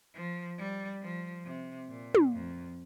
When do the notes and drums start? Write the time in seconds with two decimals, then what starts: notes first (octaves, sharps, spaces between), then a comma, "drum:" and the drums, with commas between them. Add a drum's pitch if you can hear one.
0.14 F3
0.58 G3
1.02 F3
1.44 C3
1.89 A#2
2.15 drum: tom
2.33 F2